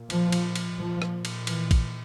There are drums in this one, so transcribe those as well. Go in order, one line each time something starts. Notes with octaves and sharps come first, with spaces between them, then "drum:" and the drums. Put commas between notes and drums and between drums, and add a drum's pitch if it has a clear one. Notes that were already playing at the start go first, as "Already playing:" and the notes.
Already playing: A#2
F3, drum: cymbal
drum: cymbal
drum: cymbal
A#2 F3
drum: rim click
drum: cymbal
E3, drum: cymbal
drum: kick A#1, cymbal